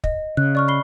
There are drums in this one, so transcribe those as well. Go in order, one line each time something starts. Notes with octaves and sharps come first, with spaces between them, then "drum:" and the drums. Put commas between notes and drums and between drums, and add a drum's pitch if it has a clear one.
D#5, drum: kick
C#3 F#6
D5 C#6 F6
B5 C7 G7